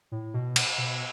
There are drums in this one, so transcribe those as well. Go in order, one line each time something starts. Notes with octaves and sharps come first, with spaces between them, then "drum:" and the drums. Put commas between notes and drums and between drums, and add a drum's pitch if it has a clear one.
A2
B2
drum: cymbal
B2